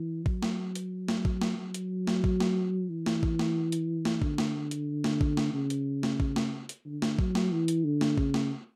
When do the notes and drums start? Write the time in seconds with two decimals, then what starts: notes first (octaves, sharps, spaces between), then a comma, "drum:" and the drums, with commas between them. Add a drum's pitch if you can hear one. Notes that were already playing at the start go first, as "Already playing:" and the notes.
Already playing: E3
0.26 F#3, drum: kick A1
0.43 drum: snare
0.75 drum: hi-hat
1.08 drum: snare
1.25 drum: kick A1
1.41 drum: snare
1.58 F#3
1.74 drum: hi-hat
2.07 drum: snare
2.24 drum: kick A1
2.40 drum: snare
2.89 E3
3.06 drum: snare
3.23 drum: kick A1
3.39 drum: snare
3.72 drum: hi-hat
4.05 drum: snare
4.22 D3, drum: kick A1
4.38 drum: snare
4.71 drum: hi-hat
5.04 drum: snare
5.21 drum: kick A1
5.37 drum: snare
5.54 C#3
5.70 drum: hi-hat
6.03 drum: snare
6.20 drum: kick A1
6.36 drum: snare
6.69 drum: hi-hat
6.86 D3
7.02 drum: snare
7.19 F#3, drum: kick A1
7.35 drum: snare
7.52 E3
7.68 drum: hi-hat
7.85 D3
8.01 drum: snare
8.18 C#3, drum: kick A1
8.34 drum: snare